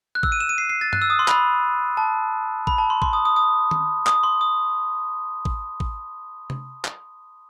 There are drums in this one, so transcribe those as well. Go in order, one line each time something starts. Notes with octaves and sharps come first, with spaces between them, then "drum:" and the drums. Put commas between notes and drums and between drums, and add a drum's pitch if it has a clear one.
F#6
E6, drum: kick
D#7
E7
D#7
C7
C7
A6
F#6, drum: tom G2
E6
D#6
C6
B5, drum: clap
A5
B5, drum: kick
A5
C6
C6, drum: kick
D#6
D#6
D#6
drum: tom D#3
D#6, drum: clap
C6
D#6
drum: kick
drum: kick
drum: tom C3
drum: clap